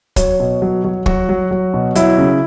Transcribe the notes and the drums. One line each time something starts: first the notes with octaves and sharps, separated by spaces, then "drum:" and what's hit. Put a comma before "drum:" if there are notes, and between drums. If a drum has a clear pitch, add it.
F#3 C#5, drum: kick, hi-hat
B2
F#3
F#3
F#3 F#4, drum: kick
F#3
F#3
B2
F#3 E4, drum: hi-hat
C#3